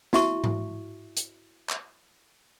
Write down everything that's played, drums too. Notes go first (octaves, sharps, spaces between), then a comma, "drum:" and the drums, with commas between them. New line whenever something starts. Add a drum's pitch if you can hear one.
E4 F#4 E5 A5 C#6, drum: snare
drum: tom G#2
drum: hi-hat
drum: clap